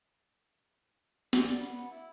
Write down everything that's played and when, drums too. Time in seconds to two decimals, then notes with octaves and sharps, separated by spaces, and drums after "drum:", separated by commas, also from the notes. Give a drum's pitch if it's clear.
1.33 G#3, drum: snare
1.45 D5
1.59 B3
1.73 B3
1.91 E4